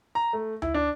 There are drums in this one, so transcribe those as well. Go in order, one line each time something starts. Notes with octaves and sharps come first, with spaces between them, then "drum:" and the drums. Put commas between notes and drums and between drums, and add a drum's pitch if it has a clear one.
A#5
A3
E4, drum: tom D2
D4